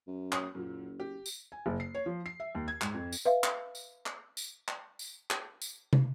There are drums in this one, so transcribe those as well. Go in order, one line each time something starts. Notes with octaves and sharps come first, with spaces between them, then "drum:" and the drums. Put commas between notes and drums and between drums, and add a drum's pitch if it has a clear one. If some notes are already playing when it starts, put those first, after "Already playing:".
F#2
C#5 D#6, drum: clap
F#1 F#2 A#2
G4
drum: tambourine
G#5
F#1
C7
C#5
F3
C7
E5
D#2
G#6
G#2, drum: clap
F2
drum: tambourine
B4 E5 F5
drum: clap
drum: tambourine
drum: clap
drum: tambourine
drum: clap
drum: tambourine
drum: clap
drum: tambourine
drum: tom